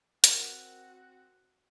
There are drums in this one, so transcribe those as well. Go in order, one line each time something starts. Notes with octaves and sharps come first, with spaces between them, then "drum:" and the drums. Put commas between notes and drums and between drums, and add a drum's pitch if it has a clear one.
C4 F#4 A#4 F#5 F6, drum: hi-hat